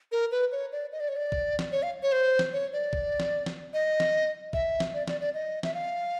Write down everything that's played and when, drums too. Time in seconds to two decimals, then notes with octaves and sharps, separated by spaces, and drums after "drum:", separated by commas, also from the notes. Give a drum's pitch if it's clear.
0.12 A#4
0.31 B4
0.52 C#5
0.72 D5
0.92 D#5
1.00 D5
1.08 C#5
1.16 D5
1.32 drum: kick
1.59 drum: snare
1.72 C#5
1.83 F5
2.03 C#5
2.12 C5
2.39 drum: snare
2.53 C#5
2.73 D5
2.93 drum: kick
3.20 drum: snare
3.46 drum: snare
3.73 D#5
4.00 drum: snare
4.53 E5, drum: kick
4.80 drum: snare
4.94 D5
5.08 D5, drum: snare
5.21 D5
5.34 D#5
5.63 E5, drum: snare
5.74 F5